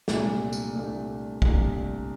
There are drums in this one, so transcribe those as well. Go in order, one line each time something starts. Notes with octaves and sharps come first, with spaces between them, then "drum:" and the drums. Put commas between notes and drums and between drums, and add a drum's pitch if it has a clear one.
C2 A#2 A3 D4, drum: snare
drum: tambourine
C2 A#2 A3 D4
C2 A#2 A3 D4, drum: kick